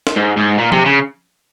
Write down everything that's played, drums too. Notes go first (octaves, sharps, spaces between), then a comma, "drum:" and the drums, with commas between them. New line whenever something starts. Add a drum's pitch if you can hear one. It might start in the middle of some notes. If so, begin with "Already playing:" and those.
drum: snare
G#2
G#2
A#2
C3, drum: tom F3
C#3